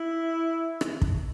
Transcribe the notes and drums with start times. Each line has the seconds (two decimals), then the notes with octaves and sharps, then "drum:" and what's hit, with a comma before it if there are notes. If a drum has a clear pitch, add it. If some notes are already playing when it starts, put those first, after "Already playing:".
Already playing: E4
0.81 drum: rim click
1.02 drum: kick